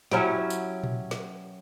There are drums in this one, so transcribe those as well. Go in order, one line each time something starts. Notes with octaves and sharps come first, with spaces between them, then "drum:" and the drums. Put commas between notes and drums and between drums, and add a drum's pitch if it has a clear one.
F#3 C#4 E4 G4, drum: snare
drum: tambourine
drum: tom A#2
drum: snare